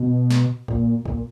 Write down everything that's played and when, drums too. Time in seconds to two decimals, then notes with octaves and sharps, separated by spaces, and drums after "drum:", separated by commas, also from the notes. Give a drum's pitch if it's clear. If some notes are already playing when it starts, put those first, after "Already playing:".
Already playing: B2
0.30 drum: snare
0.68 A#2, drum: kick
1.06 A#2, drum: kick